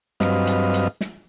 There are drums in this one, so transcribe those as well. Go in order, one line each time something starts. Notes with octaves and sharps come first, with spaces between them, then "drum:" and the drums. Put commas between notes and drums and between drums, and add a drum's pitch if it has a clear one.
G2 F#3 C4 B4 D#5 F5, drum: snare
drum: hi-hat
drum: hi-hat
drum: snare